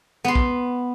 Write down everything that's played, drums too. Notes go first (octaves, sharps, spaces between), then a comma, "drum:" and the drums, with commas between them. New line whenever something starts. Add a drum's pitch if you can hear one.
B3 C6
drum: kick